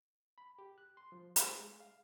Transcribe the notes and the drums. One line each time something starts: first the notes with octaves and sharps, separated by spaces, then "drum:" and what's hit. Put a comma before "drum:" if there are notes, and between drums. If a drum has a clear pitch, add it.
B5
G4
F#6
C6
F3
C5, drum: hi-hat
G#3
F5